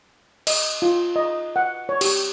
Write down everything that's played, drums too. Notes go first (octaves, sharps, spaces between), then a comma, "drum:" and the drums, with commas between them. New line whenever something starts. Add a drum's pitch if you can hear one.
D#5, drum: cymbal
F4
D#5
F#5
C#5
G4, drum: cymbal